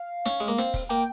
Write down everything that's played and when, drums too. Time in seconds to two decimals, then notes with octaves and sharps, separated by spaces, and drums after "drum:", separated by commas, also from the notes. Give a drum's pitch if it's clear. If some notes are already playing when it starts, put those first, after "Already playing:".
Already playing: F5
0.26 C#4, drum: snare
0.40 G#3
0.48 A#3
0.58 C4, drum: snare
0.74 drum: kick, open hi-hat
0.89 A#3 G5, drum: hi-hat